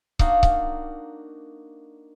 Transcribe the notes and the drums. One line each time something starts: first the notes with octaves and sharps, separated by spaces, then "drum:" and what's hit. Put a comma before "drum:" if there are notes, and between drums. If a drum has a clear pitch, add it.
A#3 D4 D#4 F#4 F5, drum: kick C#1
drum: kick C#1